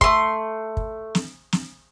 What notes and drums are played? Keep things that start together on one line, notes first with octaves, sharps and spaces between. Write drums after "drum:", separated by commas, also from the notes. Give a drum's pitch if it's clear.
A3 C6, drum: kick
drum: kick
drum: snare
drum: snare